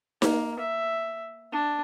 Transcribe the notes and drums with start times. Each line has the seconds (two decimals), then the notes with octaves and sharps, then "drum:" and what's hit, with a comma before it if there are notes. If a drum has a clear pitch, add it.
0.22 A#3, drum: snare D#4
0.59 E5
1.52 D4